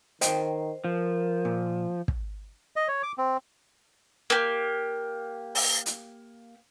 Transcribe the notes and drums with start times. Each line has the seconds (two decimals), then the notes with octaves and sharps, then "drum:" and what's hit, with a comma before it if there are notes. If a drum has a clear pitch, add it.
0.21 D#3 C5 D#5 G5, drum: hi-hat
0.85 F3 A#4
1.45 A#2
2.08 drum: kick
2.76 D#5
2.88 C#5
3.03 D6
3.18 C4
4.30 A#3 G4
5.55 drum: open hi-hat
5.86 drum: hi-hat